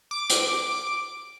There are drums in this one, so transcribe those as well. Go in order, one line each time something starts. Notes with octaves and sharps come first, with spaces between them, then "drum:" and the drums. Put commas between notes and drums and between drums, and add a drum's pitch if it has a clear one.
D6
drum: hi-hat